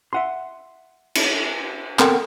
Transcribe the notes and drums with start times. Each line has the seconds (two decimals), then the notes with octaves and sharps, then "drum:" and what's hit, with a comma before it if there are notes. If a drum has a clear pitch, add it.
0.13 E5 F#5 C6
1.15 drum: cymbal
1.99 B3 C4 A4 A#4 F#5 G5, drum: clap